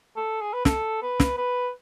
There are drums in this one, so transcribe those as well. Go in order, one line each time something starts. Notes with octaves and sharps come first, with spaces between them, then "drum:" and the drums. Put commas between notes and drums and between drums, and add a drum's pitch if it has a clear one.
A4
G#4
B4
A4, drum: snare
B4
drum: snare
B4